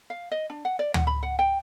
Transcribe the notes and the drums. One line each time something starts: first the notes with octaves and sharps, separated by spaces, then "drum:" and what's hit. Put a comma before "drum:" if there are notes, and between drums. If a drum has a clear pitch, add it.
F5
D#5
D4
F#5
D5
F#5, drum: tom D2
B5
F#5
G5